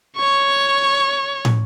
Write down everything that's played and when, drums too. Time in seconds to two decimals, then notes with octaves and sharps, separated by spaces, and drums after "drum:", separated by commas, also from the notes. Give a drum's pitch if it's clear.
0.17 C#5 C#6
1.45 drum: tom